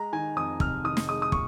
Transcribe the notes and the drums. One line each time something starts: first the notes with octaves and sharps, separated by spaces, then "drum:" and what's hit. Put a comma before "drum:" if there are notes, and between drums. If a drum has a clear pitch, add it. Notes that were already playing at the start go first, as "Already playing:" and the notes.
Already playing: G#3 A#5
D#3 G#5
F2 D#6
F1 F6, drum: kick
D#3 D#6
drum: snare
G#3 D#6
D#6
A#2 C#6, drum: kick